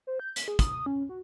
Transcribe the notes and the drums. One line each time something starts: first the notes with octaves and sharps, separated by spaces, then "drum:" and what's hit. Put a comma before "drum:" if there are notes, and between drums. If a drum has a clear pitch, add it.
C5
G6
B6, drum: hi-hat
G#4
D#6, drum: kick, hi-hat
D#6
C#4
F#4